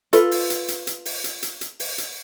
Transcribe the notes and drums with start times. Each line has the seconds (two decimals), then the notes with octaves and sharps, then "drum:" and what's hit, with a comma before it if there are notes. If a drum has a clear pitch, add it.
0.13 F4 A4 B4, drum: hi-hat
0.31 drum: open hi-hat
0.50 drum: hi-hat
0.68 drum: hi-hat
0.87 drum: hi-hat
1.05 drum: open hi-hat
1.24 drum: hi-hat
1.43 drum: hi-hat
1.61 drum: hi-hat
1.80 drum: open hi-hat
1.98 drum: hi-hat